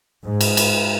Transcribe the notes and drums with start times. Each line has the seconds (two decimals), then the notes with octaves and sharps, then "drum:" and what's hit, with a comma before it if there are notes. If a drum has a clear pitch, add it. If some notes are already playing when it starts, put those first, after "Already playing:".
0.24 G#2
0.41 drum: cymbal
0.57 drum: cymbal